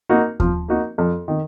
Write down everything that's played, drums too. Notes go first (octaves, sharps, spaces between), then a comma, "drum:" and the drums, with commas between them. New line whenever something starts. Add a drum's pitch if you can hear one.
A#3 D#4 F#4
F3, drum: kick D#2
A#3 D#4 F#4
F2
D#3